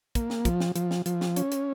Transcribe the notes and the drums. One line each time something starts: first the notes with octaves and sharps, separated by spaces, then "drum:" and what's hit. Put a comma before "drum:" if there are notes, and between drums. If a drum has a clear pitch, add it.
A#3, drum: kick, hi-hat
drum: snare
F3, drum: kick, hi-hat
drum: snare
F3, drum: hi-hat
drum: snare
F3, drum: hi-hat
drum: snare
C#4, drum: hi-hat
drum: hi-hat